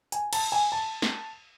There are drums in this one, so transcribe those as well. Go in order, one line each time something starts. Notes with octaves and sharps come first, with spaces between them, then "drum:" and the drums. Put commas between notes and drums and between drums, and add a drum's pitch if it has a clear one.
G#5, drum: hi-hat
A5, drum: cymbal
G#5
A5
drum: snare